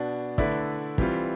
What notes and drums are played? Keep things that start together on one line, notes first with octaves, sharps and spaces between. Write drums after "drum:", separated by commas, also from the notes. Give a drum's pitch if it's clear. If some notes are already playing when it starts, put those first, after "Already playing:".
Already playing: B2 B3 D4
D3 A3 E4 B4 D5, drum: kick
E3 G3 C4 F4, drum: kick